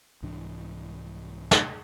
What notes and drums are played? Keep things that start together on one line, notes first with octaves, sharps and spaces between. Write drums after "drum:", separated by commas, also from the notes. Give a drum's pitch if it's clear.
C2 G#2 E3 D4
drum: snare